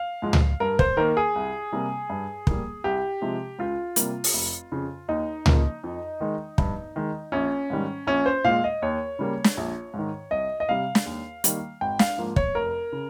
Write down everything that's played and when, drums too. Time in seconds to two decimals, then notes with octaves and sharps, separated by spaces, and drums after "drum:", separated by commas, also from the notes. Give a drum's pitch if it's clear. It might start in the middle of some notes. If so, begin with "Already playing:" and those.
Already playing: F5
0.22 G#2 F3 G#3
0.33 drum: tom C#2
0.60 G2 A#4
0.79 C5, drum: kick
0.97 D#3 A#3 A#4
1.17 G#4
1.35 C2
1.72 C3 G3 A#3
2.10 G2
2.47 G3 A#3, drum: kick
2.84 C2 G4
3.22 C3 F3 G#3
3.59 C#2 F4
3.96 C3 G3 A#3, drum: hi-hat
4.24 drum: open hi-hat
4.34 F1
4.72 F2 C#3
5.08 D#2 D#4
5.46 C#3 F3 A#3, drum: tom C#2
5.84 F2
6.20 D#3 G#3
6.58 G2, drum: kick
6.96 D#3 G#3
7.32 A#1 C#4
7.70 G#2 D#3 G3
8.07 A#1 C#4
8.26 C5
8.44 A#2 G#3 F5
8.64 D#5
8.82 D#2 C#5
9.19 C#3 G3 A#3
9.44 drum: snare
9.57 A#1
9.94 G#2 D#3
10.31 C2 D#5
10.60 D#5
10.69 C3 G3 F5
10.95 drum: snare
11.06 D#2
11.44 D#3 G3 A#3, drum: hi-hat
11.81 G#1 G5
11.99 F5, drum: snare
12.18 G#2 F3 A#3
12.36 C#5, drum: kick
12.55 F1 A#4
12.92 C#3